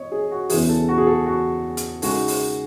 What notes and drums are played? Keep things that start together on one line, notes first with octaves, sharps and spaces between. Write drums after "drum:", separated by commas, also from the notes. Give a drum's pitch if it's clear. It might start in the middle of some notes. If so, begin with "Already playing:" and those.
Already playing: C4 C#5 D#5
G#4
F#4
E2 C#3 E3 G#4, drum: open hi-hat
A4
F#4
G#4
A4
F#4
drum: hi-hat
C#3 G#3 D#4 F#4 G#4, drum: open hi-hat
drum: open hi-hat